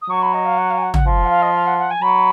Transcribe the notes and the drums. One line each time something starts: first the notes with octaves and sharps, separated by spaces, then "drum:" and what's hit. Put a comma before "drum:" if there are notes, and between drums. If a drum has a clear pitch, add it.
D#6
F#3 C#6
B5
D#5
F5
F#5
F5
G#5
F#5
F#5, drum: tom
F3
F5
F#5
F5
D#5
F5
F#5
F#5
G#5
F#3 B5